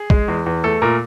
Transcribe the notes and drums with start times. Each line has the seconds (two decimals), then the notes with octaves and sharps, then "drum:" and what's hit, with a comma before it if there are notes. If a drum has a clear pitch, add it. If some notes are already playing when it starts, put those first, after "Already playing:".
Already playing: G#4
0.10 G#3, drum: kick
0.28 E2
0.46 E2
0.64 A3 A4
0.82 A#2 A#4